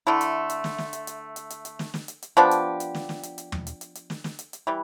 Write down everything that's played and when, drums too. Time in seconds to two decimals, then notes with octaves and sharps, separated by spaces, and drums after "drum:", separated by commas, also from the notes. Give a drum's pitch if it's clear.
0.07 D3 A3 E4
0.21 drum: hi-hat
0.50 drum: hi-hat
0.64 drum: snare
0.78 drum: snare
0.93 drum: hi-hat
1.07 drum: hi-hat
1.36 drum: hi-hat
1.50 drum: hi-hat
1.65 drum: hi-hat
1.79 drum: snare
1.94 drum: snare
2.08 drum: hi-hat
2.22 drum: hi-hat
2.37 F3 B3 D4 G4
2.51 drum: hi-hat
2.80 drum: hi-hat
2.95 drum: snare
3.09 drum: snare
3.23 drum: hi-hat
3.38 drum: hi-hat
3.52 drum: tom
3.67 drum: hi-hat
3.81 drum: hi-hat
3.95 drum: hi-hat
4.10 drum: snare
4.24 drum: snare
4.39 drum: hi-hat
4.53 drum: hi-hat
4.67 E3 G3